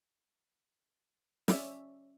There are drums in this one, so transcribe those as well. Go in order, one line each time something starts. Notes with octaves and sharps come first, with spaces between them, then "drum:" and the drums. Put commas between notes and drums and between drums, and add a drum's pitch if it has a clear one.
C#4 D5 E5, drum: snare